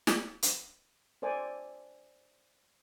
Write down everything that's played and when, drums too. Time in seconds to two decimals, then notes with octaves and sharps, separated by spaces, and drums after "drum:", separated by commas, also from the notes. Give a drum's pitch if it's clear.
0.07 drum: snare
0.43 drum: hi-hat
1.22 A4 C5 D5 G#5